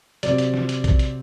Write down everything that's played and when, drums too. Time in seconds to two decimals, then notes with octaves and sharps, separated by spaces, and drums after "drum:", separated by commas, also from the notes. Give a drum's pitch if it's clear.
0.23 C3 F#3 C4 D5, drum: hi-hat
0.38 drum: hi-hat
0.54 drum: snare
0.69 drum: hi-hat
0.84 drum: kick A#1, hi-hat
0.99 drum: hi-hat